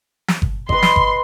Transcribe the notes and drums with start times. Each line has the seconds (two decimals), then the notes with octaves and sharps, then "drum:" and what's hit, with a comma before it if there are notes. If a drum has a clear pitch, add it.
0.28 drum: snare
0.42 drum: kick G1
0.69 B4 D#5 C6, drum: kick G1
0.82 drum: snare
0.96 drum: kick G1